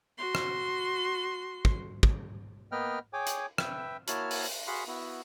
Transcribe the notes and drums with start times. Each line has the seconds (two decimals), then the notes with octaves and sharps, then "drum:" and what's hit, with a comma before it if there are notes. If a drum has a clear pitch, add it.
0.18 F#4 C6
0.35 drum: rim click
1.65 drum: kick
2.03 drum: kick
2.72 A#3 B3 B4 D#5 G5 F6
3.13 G#4 C#5 G5 G#5 D6
3.27 drum: hi-hat
3.58 B4 E5 G5, drum: rim click
4.08 A#3 E4 F#4 C#5 A5 F6, drum: hi-hat
4.31 drum: open hi-hat
4.67 F#4 G#4 F5 F#5 B5 C6
4.87 B3 E4 F#4